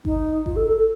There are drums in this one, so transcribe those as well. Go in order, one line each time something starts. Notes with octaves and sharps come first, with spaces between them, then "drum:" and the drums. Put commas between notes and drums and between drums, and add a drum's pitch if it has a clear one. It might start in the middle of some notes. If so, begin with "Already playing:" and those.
D#4, drum: kick G#1
F4, drum: kick G#1
A4
A4
A4